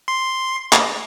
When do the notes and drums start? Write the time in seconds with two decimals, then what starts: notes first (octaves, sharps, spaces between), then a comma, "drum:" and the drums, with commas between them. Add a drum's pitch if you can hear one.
0.08 C6
0.73 drum: clap